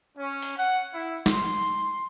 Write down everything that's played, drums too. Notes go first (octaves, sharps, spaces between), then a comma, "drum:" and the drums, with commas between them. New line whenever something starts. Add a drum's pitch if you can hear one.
C#4
drum: open hi-hat
F#5
E4
C6, drum: snare